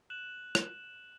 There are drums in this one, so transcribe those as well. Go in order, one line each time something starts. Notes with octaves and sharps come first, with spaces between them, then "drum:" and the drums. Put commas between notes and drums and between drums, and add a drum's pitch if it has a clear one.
F#6 E7 F#7
drum: rim click